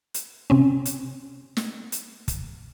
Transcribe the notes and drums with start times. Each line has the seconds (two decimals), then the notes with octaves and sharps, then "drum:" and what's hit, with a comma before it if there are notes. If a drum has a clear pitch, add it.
0.14 drum: hi-hat
0.50 C3 C4 C#4
0.85 drum: hi-hat
1.57 drum: snare
1.92 drum: hi-hat
2.28 drum: kick, hi-hat